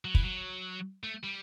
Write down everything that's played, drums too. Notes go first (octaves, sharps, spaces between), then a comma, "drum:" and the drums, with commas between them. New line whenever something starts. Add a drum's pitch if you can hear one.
F#3
E3, drum: kick
F#3
A3
G3